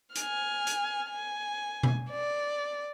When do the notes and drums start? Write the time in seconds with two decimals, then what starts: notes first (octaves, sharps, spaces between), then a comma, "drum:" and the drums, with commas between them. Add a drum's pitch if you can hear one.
0.15 G#5 F6, drum: hi-hat
0.67 drum: hi-hat
1.09 G#5
1.83 drum: tom B2
2.10 D5